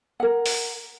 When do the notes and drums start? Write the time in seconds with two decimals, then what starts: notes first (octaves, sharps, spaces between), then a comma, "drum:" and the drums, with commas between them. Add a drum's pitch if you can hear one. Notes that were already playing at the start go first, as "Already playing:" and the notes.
0.20 A#4 F#5
0.46 drum: open hi-hat